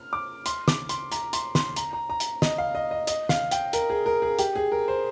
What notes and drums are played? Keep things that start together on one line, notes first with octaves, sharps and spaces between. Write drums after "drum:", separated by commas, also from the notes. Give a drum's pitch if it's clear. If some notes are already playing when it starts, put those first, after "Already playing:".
Already playing: F6
D6
C6, drum: hi-hat
D6, drum: snare
C6, drum: hi-hat
A#5, drum: hi-hat
C6, drum: hi-hat
C6, drum: snare
A#5, drum: hi-hat
A#5
A#5
drum: hi-hat
D#5, drum: snare
F5
D#5
D#5
D#5, drum: hi-hat
F5, drum: snare
G5, drum: hi-hat
A#4, drum: hi-hat
G#4
A#4
G#4
G4, drum: hi-hat
G#4
A#4
C5